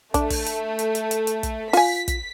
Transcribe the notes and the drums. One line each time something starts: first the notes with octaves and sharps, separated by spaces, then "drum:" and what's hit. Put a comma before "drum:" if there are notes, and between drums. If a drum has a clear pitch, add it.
A3 D4, drum: kick, hi-hat
drum: kick, open hi-hat
drum: hi-hat
drum: hi-hat
drum: hi-hat
drum: hi-hat
drum: hi-hat
drum: kick, hi-hat
F4 G#5 B6, drum: open hi-hat
drum: kick, hi-hat